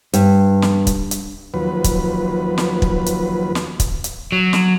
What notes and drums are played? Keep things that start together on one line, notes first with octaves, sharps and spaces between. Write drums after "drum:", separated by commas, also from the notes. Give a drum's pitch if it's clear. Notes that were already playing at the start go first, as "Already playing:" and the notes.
G2, drum: hi-hat
drum: snare
drum: kick, hi-hat
drum: hi-hat
D#2 F3 F#3 B4
drum: kick, hi-hat
drum: snare
drum: kick
drum: hi-hat
drum: snare
drum: kick, hi-hat
drum: hi-hat
F#3
drum: snare